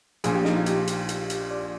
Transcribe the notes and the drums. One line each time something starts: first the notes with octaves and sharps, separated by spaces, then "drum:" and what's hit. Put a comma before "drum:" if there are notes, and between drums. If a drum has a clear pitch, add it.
A#1 A#2 F3 G#4, drum: hi-hat
G4
D#4, drum: snare
F4
G4, drum: hi-hat
drum: hi-hat
drum: hi-hat
drum: hi-hat
D5